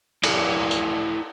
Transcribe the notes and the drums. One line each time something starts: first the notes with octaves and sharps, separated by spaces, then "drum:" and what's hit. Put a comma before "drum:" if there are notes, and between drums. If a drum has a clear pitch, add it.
E4 A4 D5 G#5, drum: cymbal
drum: tambourine